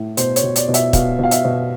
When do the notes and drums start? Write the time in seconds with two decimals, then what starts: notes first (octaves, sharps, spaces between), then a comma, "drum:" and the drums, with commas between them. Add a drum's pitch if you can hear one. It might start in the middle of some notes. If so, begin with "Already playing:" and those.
Already playing: A2
0.17 B2 C5, drum: hi-hat
0.36 C#5, drum: hi-hat
0.43 B2
0.56 D5, drum: hi-hat
0.68 B2
0.74 E5, drum: hi-hat
0.93 B2 F5, drum: kick, hi-hat
1.19 B2 F5
1.31 E5, drum: hi-hat
1.45 B2